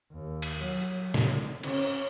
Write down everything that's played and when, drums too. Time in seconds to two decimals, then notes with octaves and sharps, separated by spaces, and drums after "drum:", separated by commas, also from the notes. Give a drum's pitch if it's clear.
0.12 D#2
0.42 drum: cymbal
0.61 F#3
1.14 D3, drum: snare
1.63 C#4, drum: cymbal